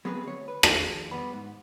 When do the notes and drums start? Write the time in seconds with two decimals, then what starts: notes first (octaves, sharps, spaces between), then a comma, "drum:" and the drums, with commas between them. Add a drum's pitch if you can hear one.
0.05 F#3 B3 C4 G#4 B4
0.23 D2 C#5
0.48 B4
0.63 D#3 F3 F#4 G#4, drum: rim click
1.11 G3 B3 B5
1.33 G#2